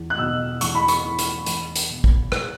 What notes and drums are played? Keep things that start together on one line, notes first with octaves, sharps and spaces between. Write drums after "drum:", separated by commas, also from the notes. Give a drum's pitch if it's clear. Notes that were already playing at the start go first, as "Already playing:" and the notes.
Already playing: E2
F#6
B2 E6
E2 C#6, drum: hi-hat
B5
C#6, drum: hi-hat
E3
drum: hi-hat
E2, drum: hi-hat
drum: hi-hat
B2
drum: kick A1
F#6, drum: rim click